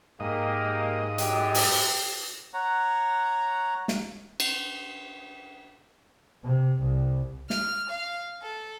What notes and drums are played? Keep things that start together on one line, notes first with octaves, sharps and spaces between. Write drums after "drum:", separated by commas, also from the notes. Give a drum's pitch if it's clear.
G#2 A#3 G4 D#5
F#2 G4, drum: hi-hat
drum: open hi-hat
C#5 F#5 A#5
drum: snare
drum: cymbal
C3
C2
F6, drum: snare
F5
A4